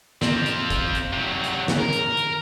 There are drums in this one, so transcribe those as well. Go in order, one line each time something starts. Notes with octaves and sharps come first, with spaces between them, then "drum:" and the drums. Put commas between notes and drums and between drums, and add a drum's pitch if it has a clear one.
C4 F4, drum: snare
drum: hi-hat
drum: kick, hi-hat
drum: hi-hat
C3 F#3
drum: hi-hat
drum: snare
A#4
drum: hi-hat
drum: hi-hat